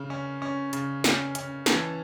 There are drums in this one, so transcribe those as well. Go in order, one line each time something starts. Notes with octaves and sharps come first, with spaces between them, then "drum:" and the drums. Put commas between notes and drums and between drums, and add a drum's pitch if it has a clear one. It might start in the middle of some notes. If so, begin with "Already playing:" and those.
Already playing: C#3
C#4
C#4
C#3, drum: hi-hat
C#4, drum: snare
C#4, drum: hi-hat
E3 A5, drum: snare